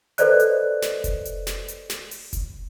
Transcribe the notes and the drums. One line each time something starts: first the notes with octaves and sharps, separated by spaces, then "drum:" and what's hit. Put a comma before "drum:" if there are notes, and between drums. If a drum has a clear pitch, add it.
A4 B4 C5 D5 D#5 F#6, drum: hi-hat
drum: hi-hat
drum: snare
drum: kick F1, hi-hat
drum: hi-hat
drum: snare
drum: hi-hat
drum: snare
drum: open hi-hat
drum: kick F1, hi-hat